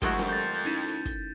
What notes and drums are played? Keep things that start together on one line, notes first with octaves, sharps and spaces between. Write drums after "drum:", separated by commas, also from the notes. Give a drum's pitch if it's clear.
F2 D#3 F#3 G#3 A3 F#4 G4, drum: kick, hi-hat
drum: snare
G6 A6
drum: hi-hat
C#4 D#4 E4
drum: hi-hat
drum: kick, hi-hat